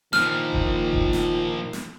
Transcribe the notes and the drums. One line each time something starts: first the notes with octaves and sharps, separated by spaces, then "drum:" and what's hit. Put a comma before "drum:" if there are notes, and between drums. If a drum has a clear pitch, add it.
A#2 D#3 F3 F6, drum: snare
drum: kick F1
drum: kick F1
drum: snare
drum: snare